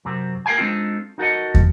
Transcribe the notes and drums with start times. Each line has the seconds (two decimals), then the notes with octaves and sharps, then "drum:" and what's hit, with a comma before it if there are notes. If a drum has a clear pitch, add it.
0.05 F#2 C3 C4
0.46 A#3 A#4 F5 G5 G#5
0.58 G#3 C4 D4 D#4 F4 A4
1.18 D#4 F#4 A4 A#4 D#5
1.55 drum: kick